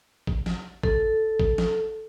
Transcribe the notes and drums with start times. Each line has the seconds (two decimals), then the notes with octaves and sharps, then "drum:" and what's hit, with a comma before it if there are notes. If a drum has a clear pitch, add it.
0.27 drum: kick G#1
0.46 drum: snare
0.83 A4, drum: kick G#1
1.40 drum: kick G#1
1.58 drum: snare